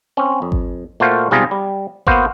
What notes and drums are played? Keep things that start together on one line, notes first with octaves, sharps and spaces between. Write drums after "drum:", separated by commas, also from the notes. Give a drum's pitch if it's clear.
C4 C#4
F2
drum: kick G#1
A#2 A3 F#4 C5 F5
B1 C3 G3 F4 G#4 A#5
G3
A#3 B3 F#4 C5 F5, drum: kick G#1